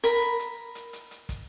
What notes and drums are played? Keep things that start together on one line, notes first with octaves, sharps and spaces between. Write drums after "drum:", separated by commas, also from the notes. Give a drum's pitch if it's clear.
A#4 B5, drum: hi-hat
drum: hi-hat
drum: hi-hat
drum: hi-hat
drum: hi-hat
drum: hi-hat
drum: kick, hi-hat